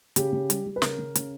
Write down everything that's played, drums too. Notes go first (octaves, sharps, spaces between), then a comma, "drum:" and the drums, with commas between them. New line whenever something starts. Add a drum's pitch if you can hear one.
C#3 G4, drum: hi-hat
C#3
G3, drum: hi-hat
G3
B4
C#3 A#4, drum: snare
C#3
C#3, drum: hi-hat